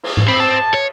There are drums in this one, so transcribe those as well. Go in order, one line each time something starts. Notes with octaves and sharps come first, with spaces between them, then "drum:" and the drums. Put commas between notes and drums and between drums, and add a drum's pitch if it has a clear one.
drum: cymbal
drum: tom G#2
C4 B5
A5
C#5